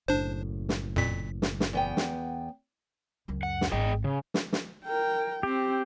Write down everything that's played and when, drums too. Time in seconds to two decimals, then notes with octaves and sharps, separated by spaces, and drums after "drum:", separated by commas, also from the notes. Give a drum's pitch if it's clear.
0.08 F#1 F#2 A2 D4 C5
0.69 drum: snare
0.96 F2 A#2 B6
1.42 drum: snare
1.60 drum: snare
1.73 E2 B3 G5
1.97 drum: snare
3.28 C#2 F#2
3.43 F#5
3.61 drum: snare
3.72 G#1 G#4 D#5 G5
4.04 C#3
4.34 drum: snare
4.53 drum: snare
4.84 A#4 G5
5.43 C4 G4